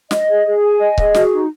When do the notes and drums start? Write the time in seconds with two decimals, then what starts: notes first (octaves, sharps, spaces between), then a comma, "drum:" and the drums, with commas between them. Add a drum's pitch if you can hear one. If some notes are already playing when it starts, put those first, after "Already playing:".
0.11 D#5, drum: snare
0.29 G#4
0.46 G#4
0.63 G#5
0.80 D#5
0.98 G#4, drum: kick C#1
1.15 F#4, drum: snare
1.32 D#4